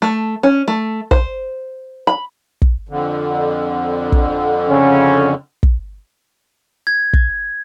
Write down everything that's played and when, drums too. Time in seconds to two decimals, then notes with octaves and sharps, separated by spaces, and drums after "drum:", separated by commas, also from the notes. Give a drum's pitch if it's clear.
0.02 A3
0.43 C#4
0.68 A3
1.11 C5, drum: kick
2.07 B5
2.62 drum: kick
2.89 F2 D3
4.12 drum: kick
4.69 C#3 C#4
5.63 drum: kick
6.87 G#6
7.13 drum: kick